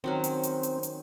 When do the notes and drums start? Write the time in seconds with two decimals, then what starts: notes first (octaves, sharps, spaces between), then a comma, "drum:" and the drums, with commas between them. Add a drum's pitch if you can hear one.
0.04 D#3 F#3 C4 C#4
0.24 drum: hi-hat
0.43 drum: hi-hat
0.63 drum: hi-hat
0.83 drum: hi-hat